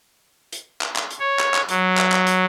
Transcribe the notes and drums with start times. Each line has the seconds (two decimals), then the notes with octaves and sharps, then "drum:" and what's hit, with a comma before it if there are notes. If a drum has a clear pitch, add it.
0.52 drum: hi-hat
0.81 drum: clap
0.96 drum: clap
1.11 drum: hi-hat
1.20 C#5
1.40 drum: clap
1.54 drum: clap
1.69 F#3, drum: hi-hat
1.98 drum: clap
2.12 drum: clap
2.27 drum: hi-hat